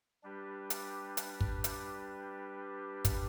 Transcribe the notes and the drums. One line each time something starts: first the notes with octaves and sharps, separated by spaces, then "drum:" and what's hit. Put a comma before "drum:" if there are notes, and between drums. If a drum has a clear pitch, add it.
G3 D4 G4 B4
drum: hi-hat
drum: hi-hat
drum: kick
drum: hi-hat
drum: kick, hi-hat